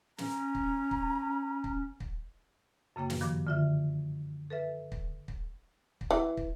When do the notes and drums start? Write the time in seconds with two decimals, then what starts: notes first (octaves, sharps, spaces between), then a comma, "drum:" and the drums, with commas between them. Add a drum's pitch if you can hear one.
0.18 C#4 A#5, drum: snare
0.55 drum: kick
0.91 drum: kick
1.64 drum: kick
2.00 drum: kick
2.96 F#2 C#3 A#3 G5
3.10 drum: snare
3.21 G2 D#3 F3 D6
3.47 D3 F4 E5
4.50 A4 B4 E5
4.92 drum: kick
5.28 drum: kick
6.01 drum: kick
6.11 E3
6.37 drum: kick